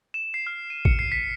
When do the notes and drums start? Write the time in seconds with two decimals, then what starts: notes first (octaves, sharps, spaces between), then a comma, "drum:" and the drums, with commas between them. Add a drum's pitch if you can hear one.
0.14 E7
0.34 C7
0.47 F6
0.70 D#7
0.85 C#7, drum: kick G#1
0.99 C7
1.12 B6